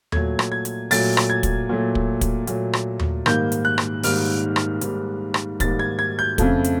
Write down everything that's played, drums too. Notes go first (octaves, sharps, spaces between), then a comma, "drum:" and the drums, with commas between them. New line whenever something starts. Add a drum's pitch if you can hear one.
A#2 F#3 A3 G#6, drum: tom D#2
drum: rim click
G#6
drum: hi-hat
A#2 F#3 A3 A6, drum: open hi-hat
drum: rim click
G#6
drum: kick, hi-hat
A#2 F#3 A3
drum: kick
drum: kick, hi-hat
A#2 F#3 A3, drum: hi-hat
drum: rim click
drum: tom D#2
G#2 D#3 G3 A#3 G6, drum: rim click
drum: hi-hat
F#6
drum: rim click
G#2 D#3 G3 A#3 F6, drum: open hi-hat
drum: rim click
G#2 D#3 G3 A#3, drum: hi-hat
drum: rim click
G#2 D#3 G3 A#3 A6, drum: kick, hi-hat
G#6
G#6
G6
F2 C#3 F3 A3, drum: kick, hi-hat
drum: hi-hat